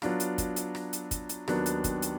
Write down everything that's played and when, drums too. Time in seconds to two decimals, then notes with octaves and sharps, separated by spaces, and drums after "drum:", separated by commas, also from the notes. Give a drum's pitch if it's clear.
0.02 F#3 B3 D4 F4, drum: rim click
0.20 drum: hi-hat
0.38 drum: kick, hi-hat
0.56 drum: hi-hat
0.75 drum: rim click
0.93 drum: hi-hat
1.11 drum: kick, hi-hat
1.29 drum: hi-hat
1.48 D#2 D#3 F#3 B3 D4, drum: rim click
1.66 drum: hi-hat
1.84 drum: kick, hi-hat
2.02 drum: hi-hat